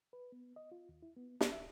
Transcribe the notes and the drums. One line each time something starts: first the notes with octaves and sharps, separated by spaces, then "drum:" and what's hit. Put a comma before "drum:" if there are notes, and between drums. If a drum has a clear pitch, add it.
B4
B3
D#5
F4
D#2
E4
B3
A5, drum: snare
E5